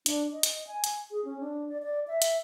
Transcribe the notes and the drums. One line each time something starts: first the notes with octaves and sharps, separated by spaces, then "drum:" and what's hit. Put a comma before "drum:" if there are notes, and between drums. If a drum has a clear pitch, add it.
D4, drum: hi-hat
D#5
drum: hi-hat
G#5
drum: hi-hat
G#4
C#4
D4
D5
D5
E5
drum: hi-hat